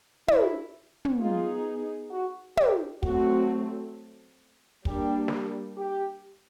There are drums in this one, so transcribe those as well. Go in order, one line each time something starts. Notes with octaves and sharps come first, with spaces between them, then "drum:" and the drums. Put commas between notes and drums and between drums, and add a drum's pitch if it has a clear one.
E4, drum: tom
drum: tom
B3 D#4 F4 G#4
F#4
G4, drum: tom
F#3 A3 C4 F#4, drum: kick
G3 A#3 D4 G4, drum: kick
drum: snare
G4